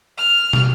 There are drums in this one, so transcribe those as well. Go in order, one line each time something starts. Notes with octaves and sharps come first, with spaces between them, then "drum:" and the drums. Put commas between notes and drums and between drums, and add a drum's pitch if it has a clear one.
F6
drum: tom